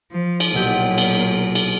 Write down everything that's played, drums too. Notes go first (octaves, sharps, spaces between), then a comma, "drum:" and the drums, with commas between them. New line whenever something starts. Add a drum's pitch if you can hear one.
F3
drum: cymbal
B1 A#2 F#3 G4
drum: cymbal
drum: cymbal